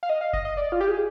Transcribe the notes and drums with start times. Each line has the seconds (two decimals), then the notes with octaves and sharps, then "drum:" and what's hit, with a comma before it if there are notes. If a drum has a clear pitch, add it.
0.03 F5
0.09 D#5
0.21 F5
0.33 D#5, drum: kick F#1
0.45 D#5
0.57 D5
0.72 F4
0.81 G4
0.88 G#4